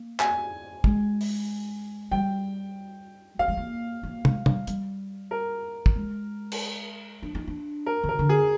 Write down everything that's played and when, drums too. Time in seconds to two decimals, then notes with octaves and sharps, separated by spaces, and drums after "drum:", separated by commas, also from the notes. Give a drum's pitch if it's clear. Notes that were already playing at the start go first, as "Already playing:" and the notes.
Already playing: A#3
0.20 G#5, drum: clap
0.84 G#3, drum: kick
1.21 drum: open hi-hat
2.11 G3 G5
3.39 A#3 F5
3.48 G#3
3.57 A#3
4.03 A#3
4.25 G#3, drum: tom
4.46 G3, drum: tom
4.67 G3, drum: hi-hat
5.31 A#4
5.86 drum: kick
5.96 G#3
6.52 drum: cymbal
7.22 D4
7.35 D#4
7.47 D4
7.86 A#4
8.03 D#3
8.09 A#4
8.19 D3
8.29 G#4